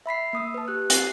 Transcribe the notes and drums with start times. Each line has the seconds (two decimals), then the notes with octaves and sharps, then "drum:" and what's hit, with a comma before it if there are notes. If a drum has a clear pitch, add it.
0.06 E5 B5 B6 C7
0.33 A#3 D#6 E6
0.54 B4 A5
0.68 G4 F#6
0.90 C4 C7, drum: hi-hat